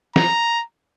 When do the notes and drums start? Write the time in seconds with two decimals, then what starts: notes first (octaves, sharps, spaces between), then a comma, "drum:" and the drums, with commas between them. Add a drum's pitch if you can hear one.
0.16 A#5, drum: snare